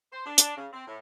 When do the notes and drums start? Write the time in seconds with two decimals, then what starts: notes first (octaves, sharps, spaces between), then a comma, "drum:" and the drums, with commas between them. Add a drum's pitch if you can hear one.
0.11 C5
0.25 D4
0.38 D4, drum: hi-hat
0.56 C#3
0.72 C4
0.87 A2